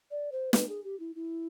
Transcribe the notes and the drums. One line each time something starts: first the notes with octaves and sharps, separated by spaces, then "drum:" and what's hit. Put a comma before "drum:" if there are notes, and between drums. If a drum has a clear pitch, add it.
D5
C5
B4, drum: snare
G#4
G4
E4
E4